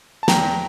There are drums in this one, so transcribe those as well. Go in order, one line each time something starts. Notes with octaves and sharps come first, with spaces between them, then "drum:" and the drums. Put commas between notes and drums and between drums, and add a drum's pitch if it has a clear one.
A5
E2 G5 A#5, drum: snare